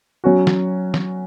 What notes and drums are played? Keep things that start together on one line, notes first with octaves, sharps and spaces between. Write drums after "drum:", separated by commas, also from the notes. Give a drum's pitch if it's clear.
F#3 C#4 F#4
drum: snare
drum: snare